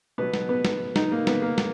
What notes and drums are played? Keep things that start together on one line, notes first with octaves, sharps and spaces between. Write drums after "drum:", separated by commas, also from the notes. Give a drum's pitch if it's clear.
B2 F#3 B3
drum: snare
B3
drum: snare
D#4, drum: snare
A#3
B3, drum: snare
A#3
drum: snare